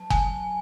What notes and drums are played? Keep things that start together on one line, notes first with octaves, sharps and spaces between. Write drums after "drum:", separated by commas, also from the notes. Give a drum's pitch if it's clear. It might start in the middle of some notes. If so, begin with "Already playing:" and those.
Already playing: F#3 A5
G#5, drum: kick F#1